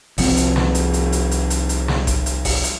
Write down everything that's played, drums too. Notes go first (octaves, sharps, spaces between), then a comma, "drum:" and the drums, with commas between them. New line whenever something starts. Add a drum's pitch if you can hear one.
C2 F3 C4, drum: kick G1, open hi-hat
drum: hi-hat
drum: snare
drum: hi-hat
drum: hi-hat
drum: hi-hat
drum: hi-hat
drum: hi-hat
drum: hi-hat
drum: snare
drum: kick G1, hi-hat
drum: hi-hat
drum: kick G1, open hi-hat
drum: hi-hat